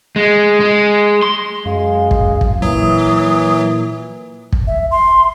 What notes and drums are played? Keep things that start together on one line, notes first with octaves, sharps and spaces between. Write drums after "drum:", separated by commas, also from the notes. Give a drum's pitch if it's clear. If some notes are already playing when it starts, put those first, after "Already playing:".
G#3
G#3
C6
F#2 G#3 F5
drum: kick
drum: kick
A#2 E3 F#3 D#6
drum: kick
E5
C6